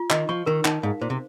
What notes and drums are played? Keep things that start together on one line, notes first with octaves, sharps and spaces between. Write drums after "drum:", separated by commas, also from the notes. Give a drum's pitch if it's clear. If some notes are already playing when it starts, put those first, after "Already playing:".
Already playing: F4
D#3 D#5, drum: clap
F3 C#6
D#3 A#4
D#3 D#4, drum: clap
G#2 F5
A#2 C5
C3